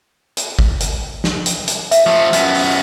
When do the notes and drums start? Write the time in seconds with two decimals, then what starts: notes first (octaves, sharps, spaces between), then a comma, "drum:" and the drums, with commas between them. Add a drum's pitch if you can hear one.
0.37 drum: hi-hat
0.59 drum: kick A1
0.80 drum: hi-hat
1.24 drum: snare
1.46 drum: hi-hat
1.67 drum: hi-hat
1.91 E5, drum: hi-hat
2.06 F3 A3
2.33 F#2 B3, drum: hi-hat
2.55 drum: open hi-hat